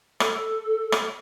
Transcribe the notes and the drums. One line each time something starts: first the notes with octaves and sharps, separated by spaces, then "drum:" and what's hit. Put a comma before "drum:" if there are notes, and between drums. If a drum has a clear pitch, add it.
A4, drum: rim click
drum: rim click